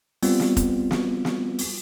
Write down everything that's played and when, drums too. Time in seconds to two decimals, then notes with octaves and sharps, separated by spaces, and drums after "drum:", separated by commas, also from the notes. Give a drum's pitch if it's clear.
0.23 G3 B3 C4 F4, drum: open hi-hat
0.40 drum: snare
0.57 drum: kick F1, hi-hat
0.91 drum: snare
1.25 drum: snare
1.59 drum: open hi-hat